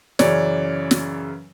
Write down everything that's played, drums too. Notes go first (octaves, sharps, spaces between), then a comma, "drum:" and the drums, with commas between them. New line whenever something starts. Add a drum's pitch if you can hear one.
F#2 C#3 E3 C#5 D5, drum: snare
drum: snare